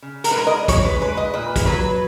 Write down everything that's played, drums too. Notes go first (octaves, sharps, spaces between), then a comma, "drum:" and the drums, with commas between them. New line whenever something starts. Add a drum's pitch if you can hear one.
C#3
A#4, drum: hi-hat
B4
G#3 A#4
D#5
G#3 C#5, drum: kick, hi-hat
B4
G#3 B4
D#5
A#2 B4
drum: kick, hi-hat
F#3 B4